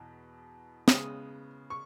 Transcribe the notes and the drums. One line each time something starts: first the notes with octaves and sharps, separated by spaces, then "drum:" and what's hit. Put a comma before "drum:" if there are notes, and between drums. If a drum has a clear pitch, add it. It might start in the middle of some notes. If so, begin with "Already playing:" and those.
Already playing: E2 B2
C#3 G#3 B3 D#6, drum: snare
C#6